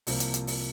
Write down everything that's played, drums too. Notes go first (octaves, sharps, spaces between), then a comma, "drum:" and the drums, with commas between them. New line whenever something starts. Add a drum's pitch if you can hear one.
C2 C3 F3 A#3, drum: open hi-hat
drum: hi-hat
drum: hi-hat
drum: open hi-hat